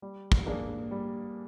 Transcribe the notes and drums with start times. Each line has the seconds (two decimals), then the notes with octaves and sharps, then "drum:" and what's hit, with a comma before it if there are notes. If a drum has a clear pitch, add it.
0.02 G3
0.32 drum: kick
0.46 A#3 D4 G#4
0.91 G3